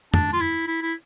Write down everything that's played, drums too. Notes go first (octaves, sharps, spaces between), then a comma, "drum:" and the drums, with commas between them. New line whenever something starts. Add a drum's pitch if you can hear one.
D4, drum: tom
F4
E4
E4
E4